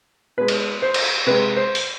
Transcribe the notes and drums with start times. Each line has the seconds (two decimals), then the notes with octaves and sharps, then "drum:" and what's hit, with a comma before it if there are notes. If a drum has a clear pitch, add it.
0.37 B2 G#3 B4
0.48 drum: cymbal
0.82 C5
0.94 drum: cymbal
1.27 C3 G#3 B4
1.57 C5
1.75 drum: open hi-hat